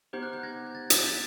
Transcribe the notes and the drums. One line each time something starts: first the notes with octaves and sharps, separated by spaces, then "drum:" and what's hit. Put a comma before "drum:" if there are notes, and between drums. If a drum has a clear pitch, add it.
B3 D#4 G4 C5 G6
F#6
G6
G#6 A#6
G#6
G6 A6
drum: hi-hat
A6 B6